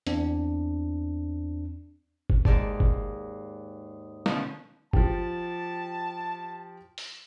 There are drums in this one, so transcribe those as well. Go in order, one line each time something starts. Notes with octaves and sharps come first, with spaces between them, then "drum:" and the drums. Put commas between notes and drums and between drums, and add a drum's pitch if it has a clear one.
E2 C4 D4, drum: hi-hat
drum: kick
D#2 G#2 D5 A5, drum: kick
drum: kick
B2 D3 D#3 F3 B3 C#4, drum: snare
F3 G4 A5, drum: kick
drum: open hi-hat